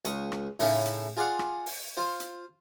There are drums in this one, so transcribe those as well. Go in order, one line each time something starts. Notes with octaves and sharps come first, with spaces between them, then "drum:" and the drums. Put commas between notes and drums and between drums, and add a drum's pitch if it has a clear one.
C#2 C#6 D#6, drum: hi-hat
drum: rim click
A2 C#3 D#4 E4 A4, drum: open hi-hat
drum: hi-hat
F4 G#4 D5 F5 F#5
drum: rim click
drum: open hi-hat
F4 C5
drum: hi-hat